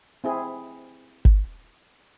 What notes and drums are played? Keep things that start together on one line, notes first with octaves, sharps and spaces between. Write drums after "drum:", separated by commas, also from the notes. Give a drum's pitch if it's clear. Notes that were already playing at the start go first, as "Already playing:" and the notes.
C4 E4 G#4
drum: kick G#1